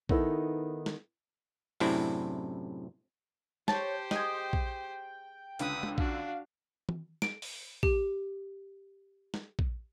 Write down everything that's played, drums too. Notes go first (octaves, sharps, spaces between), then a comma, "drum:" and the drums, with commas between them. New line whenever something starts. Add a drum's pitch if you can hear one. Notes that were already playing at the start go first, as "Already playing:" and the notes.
D#3 B3 D#4 E4 A4, drum: kick A#1
drum: snare
F#2 A2 C3 C4 D4 E4, drum: open hi-hat
G4 C5 C#5 A5, drum: snare
G#3 D#5 G5, drum: snare
drum: kick A#1
C#2 D3 B4 D#6, drum: hi-hat
drum: tom G#3
D4 F#4 F5, drum: kick A#1
drum: tom
D7, drum: snare
drum: open hi-hat
G4, drum: kick A#1
drum: snare
drum: kick A#1